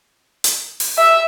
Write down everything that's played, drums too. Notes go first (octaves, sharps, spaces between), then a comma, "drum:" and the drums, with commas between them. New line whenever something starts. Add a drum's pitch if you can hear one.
drum: hi-hat
drum: open hi-hat
E5